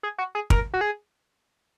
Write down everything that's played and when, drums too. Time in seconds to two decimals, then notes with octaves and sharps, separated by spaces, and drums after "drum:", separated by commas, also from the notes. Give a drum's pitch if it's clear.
0.03 G#4
0.18 F#4
0.35 G#4
0.50 A#4, drum: kick
0.74 F#4
0.81 G#4